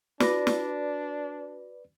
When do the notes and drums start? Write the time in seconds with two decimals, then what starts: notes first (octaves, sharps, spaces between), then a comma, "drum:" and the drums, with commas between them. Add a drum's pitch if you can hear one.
0.20 D4 F#4 B4 D5 A#6, drum: snare
0.47 drum: snare